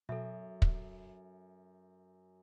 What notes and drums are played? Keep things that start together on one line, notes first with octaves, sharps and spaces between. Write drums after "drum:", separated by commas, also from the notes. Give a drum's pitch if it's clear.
F#2 B2 A4 E5
drum: kick